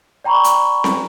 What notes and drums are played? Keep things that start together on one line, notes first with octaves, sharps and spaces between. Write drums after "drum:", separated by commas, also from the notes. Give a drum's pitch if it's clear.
D5 G5 A#5 B5 C#6
drum: hi-hat
drum: snare C4